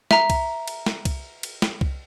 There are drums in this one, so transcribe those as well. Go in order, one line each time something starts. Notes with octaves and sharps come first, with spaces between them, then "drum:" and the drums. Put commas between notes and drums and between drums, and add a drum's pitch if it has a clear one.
E5 A#5, drum: snare
drum: kick C2, cymbal
drum: cymbal
drum: snare
drum: kick C2, cymbal
drum: cymbal
drum: snare
drum: kick C2